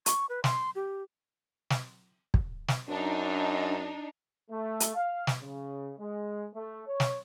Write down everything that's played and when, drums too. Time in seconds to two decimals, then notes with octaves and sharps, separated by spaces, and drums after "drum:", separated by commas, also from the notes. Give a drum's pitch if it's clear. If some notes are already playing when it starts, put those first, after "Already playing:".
0.06 C#6, drum: hi-hat
0.29 B4
0.44 C6, drum: snare
0.75 G4
1.70 drum: snare
2.34 drum: kick
2.68 drum: snare
2.89 F#2 D4 D#4
4.50 A3
4.80 drum: hi-hat
4.95 F5
5.27 drum: snare
5.41 C#3
5.98 G#3
6.54 A3
6.87 C#5
7.00 drum: snare